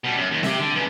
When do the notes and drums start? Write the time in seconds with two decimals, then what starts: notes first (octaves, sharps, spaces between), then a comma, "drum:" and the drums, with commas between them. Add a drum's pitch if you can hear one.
0.04 B2 G3
0.17 F#2
0.31 D#2
0.43 G4 E5, drum: snare C4
0.59 D3
0.75 G2 C#3